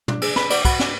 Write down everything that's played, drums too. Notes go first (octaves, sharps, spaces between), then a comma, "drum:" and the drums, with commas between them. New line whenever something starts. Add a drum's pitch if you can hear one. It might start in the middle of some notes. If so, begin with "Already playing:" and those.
D4, drum: tom
G#4, drum: cymbal
D4 B4, drum: snare
F#4 D5, drum: cymbal
F#4 B5, drum: kick, cymbal
D4, drum: snare